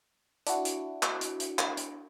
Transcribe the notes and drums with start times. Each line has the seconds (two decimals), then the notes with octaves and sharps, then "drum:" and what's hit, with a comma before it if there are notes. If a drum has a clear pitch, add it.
0.47 D4 E4 F#4, drum: hi-hat
0.65 drum: hi-hat
1.03 drum: clap
1.21 drum: hi-hat
1.40 drum: hi-hat
1.59 drum: clap
1.77 drum: hi-hat